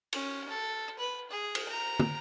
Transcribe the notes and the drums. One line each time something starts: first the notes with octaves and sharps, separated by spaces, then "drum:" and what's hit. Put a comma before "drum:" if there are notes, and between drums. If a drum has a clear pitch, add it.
C#4, drum: cymbal
A4
B4
G#4
drum: cymbal
A#5
drum: tom